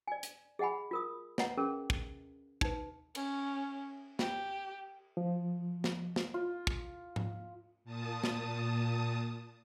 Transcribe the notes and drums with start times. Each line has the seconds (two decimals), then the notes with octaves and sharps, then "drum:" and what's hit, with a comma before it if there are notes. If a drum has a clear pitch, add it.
0.08 D5 G#5
0.23 drum: hi-hat
0.59 G#4 D#5 F#5 G#5 B5
0.91 F4 A#4 D#6
1.38 B4 C#5 D#5 F#5 A#5, drum: snare
1.58 C#4 G#4 A#4
1.90 drum: kick
2.61 D#4 B4, drum: kick
3.15 C#4, drum: cymbal
4.19 G4, drum: snare
5.17 F3
5.84 drum: snare
6.16 drum: snare
6.34 F4
6.67 drum: kick
7.16 drum: tom G#2
7.84 A#2 A5 D#6
8.24 drum: snare